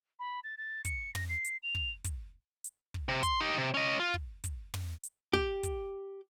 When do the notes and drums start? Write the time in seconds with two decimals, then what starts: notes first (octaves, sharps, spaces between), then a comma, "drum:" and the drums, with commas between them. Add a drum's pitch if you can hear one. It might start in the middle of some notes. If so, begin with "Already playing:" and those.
0.19 B5
0.44 A6
0.58 A6
0.85 C#7, drum: kick, hi-hat
1.15 A#6, drum: tom
1.29 C7
1.45 drum: hi-hat
1.63 F7
1.75 drum: kick
2.04 drum: kick, hi-hat
2.64 drum: hi-hat
2.94 drum: kick
3.09 C3
3.23 C6, drum: kick, hi-hat
3.41 D#4 G4
3.58 C3
3.74 C#4 D#5
4.00 F4
4.14 drum: kick
4.44 drum: kick, hi-hat
4.74 drum: tom
5.04 drum: hi-hat
5.33 G4, drum: kick
5.63 drum: kick, hi-hat